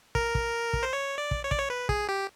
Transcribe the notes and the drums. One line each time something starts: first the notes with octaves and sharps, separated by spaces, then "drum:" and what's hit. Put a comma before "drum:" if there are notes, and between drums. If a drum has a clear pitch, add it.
A#4, drum: kick
drum: kick
drum: kick
C5
C#5
D5
drum: kick
C#5
D5, drum: kick
C#5
B4
G#4, drum: kick
G4